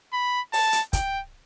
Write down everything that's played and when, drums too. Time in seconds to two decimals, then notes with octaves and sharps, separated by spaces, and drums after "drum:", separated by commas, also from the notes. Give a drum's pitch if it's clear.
0.13 B5
0.53 A5, drum: open hi-hat
0.73 drum: hi-hat
0.93 G5, drum: kick, hi-hat